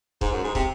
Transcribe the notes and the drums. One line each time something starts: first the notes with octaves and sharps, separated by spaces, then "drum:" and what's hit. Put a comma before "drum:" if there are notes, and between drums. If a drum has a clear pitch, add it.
G#2, drum: kick
F#2
G#2
C3, drum: kick